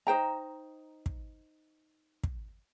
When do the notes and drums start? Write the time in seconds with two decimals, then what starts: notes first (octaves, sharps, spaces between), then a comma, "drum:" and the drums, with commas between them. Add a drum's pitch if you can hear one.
0.07 D#4 C5 G5 A#5
1.06 drum: kick
2.24 drum: kick